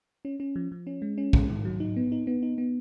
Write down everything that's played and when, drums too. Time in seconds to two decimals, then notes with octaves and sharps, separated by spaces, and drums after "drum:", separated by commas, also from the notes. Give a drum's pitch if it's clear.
0.25 C#4
0.40 C#4
0.56 F3
0.72 F3
0.87 C#4
1.02 G#3
1.18 C#4
1.33 G#3, drum: kick
1.50 D#3
1.65 F#3
1.80 D#4
1.96 B3
2.12 D#4
2.27 B3
2.43 D#4
2.58 B3